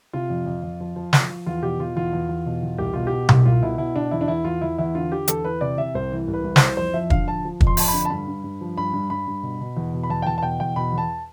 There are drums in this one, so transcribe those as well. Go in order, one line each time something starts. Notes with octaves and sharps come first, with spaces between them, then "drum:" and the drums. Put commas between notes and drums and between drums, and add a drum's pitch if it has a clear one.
C3 F4
F2
F2
F2
F3
F3
F3, drum: snare
F3
E2 F4
B2 G4
B2 F4
E2 F4
E2
E2
B2
E2
C2 G4
B2 F4
B2 G4
C2, drum: tom B2
C2 F4
B2 E4
B2 E4
B2 D4
E2 E4
D4
E2 E4
E2 F4
E2 E4
E2 E4
D3 F4
D3 G4
E2 A4, drum: hi-hat
E3 B4
C3 D5
C3 E5
C2 C5
E3
C2
B4
C2
E3 C5, drum: snare
F2 C5
F3 E5
D3 F5, drum: kick
F3 A5
F3
F2, drum: kick
C6
F2 A5, drum: open hi-hat
B5
D3
A5
G2 B5
G2
G2
F3
G2 B5
G2
G2 B5
G2
B2
B2
E2
B2
B5
E2 A5
G5
E2 A5
A5
B2 G5
E2 G5
B2 B5
E2
A5